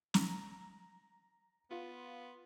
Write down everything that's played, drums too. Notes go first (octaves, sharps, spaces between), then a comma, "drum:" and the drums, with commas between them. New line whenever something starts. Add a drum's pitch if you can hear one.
A#5, drum: snare
B3 F4